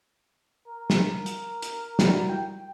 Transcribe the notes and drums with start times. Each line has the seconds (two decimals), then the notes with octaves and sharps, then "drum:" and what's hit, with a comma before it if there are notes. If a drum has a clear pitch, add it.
0.68 A#4
0.90 drum: snare
1.26 drum: hi-hat
1.62 drum: hi-hat
1.99 G3 E4 F#4, drum: snare
2.29 G5